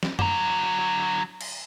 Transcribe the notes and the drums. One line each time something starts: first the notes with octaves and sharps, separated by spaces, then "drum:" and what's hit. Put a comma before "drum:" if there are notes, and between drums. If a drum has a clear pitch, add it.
drum: snare
D3 F#3, drum: tom F#2
drum: cymbal